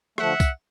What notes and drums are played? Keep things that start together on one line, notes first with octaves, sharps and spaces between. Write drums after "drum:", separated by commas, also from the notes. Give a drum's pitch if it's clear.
D3 F3 A3 E5 F#5, drum: rim click
drum: kick, tambourine